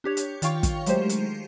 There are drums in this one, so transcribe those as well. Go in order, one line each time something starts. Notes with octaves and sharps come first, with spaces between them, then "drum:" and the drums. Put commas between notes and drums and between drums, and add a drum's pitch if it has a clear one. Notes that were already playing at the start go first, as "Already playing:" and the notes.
D4 G4 C#5
drum: hi-hat
D#3 F4 C#5 F5 G5 C#6, drum: hi-hat
drum: kick, hi-hat
D#3 F#3 G#3 A3 G4 C5, drum: hi-hat
drum: hi-hat